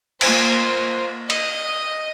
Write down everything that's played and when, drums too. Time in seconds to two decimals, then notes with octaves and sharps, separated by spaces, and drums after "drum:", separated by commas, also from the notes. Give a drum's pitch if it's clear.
0.21 A#3 F4 C5, drum: cymbal
1.30 D#5, drum: cymbal